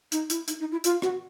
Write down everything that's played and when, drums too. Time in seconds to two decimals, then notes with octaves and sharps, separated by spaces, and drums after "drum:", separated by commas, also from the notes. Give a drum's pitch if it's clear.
0.12 D#4, drum: hi-hat
0.30 E4, drum: hi-hat
0.48 D#4, drum: hi-hat
0.60 D#4
0.72 E4
0.84 F4, drum: hi-hat
1.02 F#4, drum: rim click